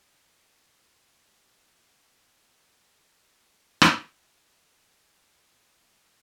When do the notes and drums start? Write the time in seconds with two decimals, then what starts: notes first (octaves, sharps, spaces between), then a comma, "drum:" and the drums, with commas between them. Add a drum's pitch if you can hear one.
0.19 D5 B6
0.60 F5
1.00 B3
1.66 D#2 G3 D4
3.39 F4
3.82 drum: rim click
4.06 A#2 A3
5.50 A#3